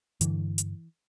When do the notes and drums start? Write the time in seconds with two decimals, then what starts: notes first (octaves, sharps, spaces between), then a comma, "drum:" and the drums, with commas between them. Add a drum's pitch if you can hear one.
0.21 G2 D3 E3, drum: hi-hat
0.58 drum: hi-hat